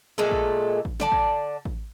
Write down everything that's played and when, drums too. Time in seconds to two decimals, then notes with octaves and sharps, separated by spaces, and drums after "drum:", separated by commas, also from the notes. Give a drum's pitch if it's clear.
0.18 A#2 G#3 A3 A4, drum: snare
0.31 drum: kick A1
0.85 drum: kick A1
1.00 D3 D5 A5, drum: snare
1.12 drum: kick A1
1.65 drum: kick A1